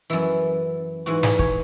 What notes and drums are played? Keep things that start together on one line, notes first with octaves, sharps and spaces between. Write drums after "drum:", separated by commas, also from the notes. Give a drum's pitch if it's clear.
F#2 E3 E4
G#2 E3 F#4
G#4, drum: snare
C#5, drum: kick